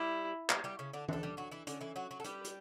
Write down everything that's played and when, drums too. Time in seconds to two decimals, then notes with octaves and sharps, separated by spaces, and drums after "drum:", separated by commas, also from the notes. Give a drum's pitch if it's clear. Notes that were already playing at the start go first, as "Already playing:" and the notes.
Already playing: G3 E4 G4
0.50 G3 G4, drum: clap
0.64 G3 G4
0.79 C#3 C#4
0.93 D3 D4
1.08 D4 A4, drum: tom E3
1.23 G3 G4
1.37 F#3 F#4
1.52 E3 E4
1.67 D3 C#4 D4, drum: hi-hat
1.81 E3 E4
1.96 F#3 F#4
2.11 F#3 F#4
2.20 A4
2.24 G3 G4 B4, drum: hi-hat
2.44 drum: hi-hat